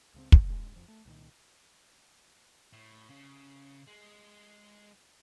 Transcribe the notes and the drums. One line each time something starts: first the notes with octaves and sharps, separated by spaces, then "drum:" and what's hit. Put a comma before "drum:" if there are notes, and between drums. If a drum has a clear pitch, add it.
C#2 C#3 C4
B1, drum: kick
C#2 G2 G#3
A1 F2 A2 F3
A3
C2 A#2 D#3
A2
C#3
G#3